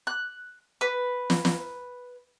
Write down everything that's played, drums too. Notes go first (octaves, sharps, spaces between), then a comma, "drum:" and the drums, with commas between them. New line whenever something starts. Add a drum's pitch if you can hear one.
F#6
B4
drum: snare
drum: snare